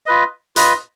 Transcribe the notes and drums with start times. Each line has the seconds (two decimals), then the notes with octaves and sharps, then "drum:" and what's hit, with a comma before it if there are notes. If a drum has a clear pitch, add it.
0.06 F4 B4 D#5
0.56 F4 B4 D#5, drum: hi-hat